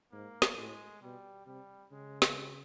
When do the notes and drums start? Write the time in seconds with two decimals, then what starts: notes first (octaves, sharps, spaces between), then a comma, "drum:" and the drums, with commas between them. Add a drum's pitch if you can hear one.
0.12 G#2 A#3
0.42 drum: snare
0.57 A2 G#3
1.01 B2 G3
1.46 C3 G3
1.92 C#3 G#3
2.22 G#3, drum: snare